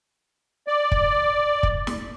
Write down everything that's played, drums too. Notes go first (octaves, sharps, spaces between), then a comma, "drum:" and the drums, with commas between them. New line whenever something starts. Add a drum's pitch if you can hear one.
D5
drum: kick
drum: kick
drum: snare